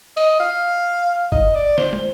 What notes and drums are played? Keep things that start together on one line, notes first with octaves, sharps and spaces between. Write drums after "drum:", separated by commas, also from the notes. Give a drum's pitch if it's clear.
D#5, drum: open hi-hat
F5
D#5, drum: kick G1
D5
C5, drum: snare
drum: tom